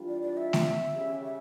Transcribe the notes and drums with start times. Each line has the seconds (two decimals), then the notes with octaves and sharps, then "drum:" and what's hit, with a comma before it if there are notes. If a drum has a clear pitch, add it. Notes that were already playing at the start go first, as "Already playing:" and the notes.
Already playing: E3 G3 D4 F4
0.08 D5
0.23 D5
0.37 E5
0.53 drum: snare A3
0.95 C#3 G3 C#4 G4
1.25 E5